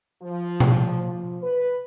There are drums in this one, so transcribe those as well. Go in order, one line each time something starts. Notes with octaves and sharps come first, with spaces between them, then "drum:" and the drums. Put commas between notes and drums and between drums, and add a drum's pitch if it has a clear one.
F3
drum: tom B2
F3
B4